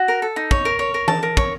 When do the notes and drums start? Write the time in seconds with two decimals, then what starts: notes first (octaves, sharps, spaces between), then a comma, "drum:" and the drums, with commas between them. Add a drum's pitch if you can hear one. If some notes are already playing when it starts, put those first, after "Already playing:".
Already playing: F#4
0.08 A#4
0.22 A4
0.36 D#4
0.51 C#5, drum: kick
0.65 A#4
0.79 C#5
0.94 A#4
1.08 A5, drum: tom E3
1.23 A#4
1.37 C#5, drum: kick